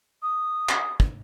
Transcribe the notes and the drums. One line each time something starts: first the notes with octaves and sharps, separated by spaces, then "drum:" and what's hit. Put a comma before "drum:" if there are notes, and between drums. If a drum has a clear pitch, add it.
D#6
drum: clap
drum: kick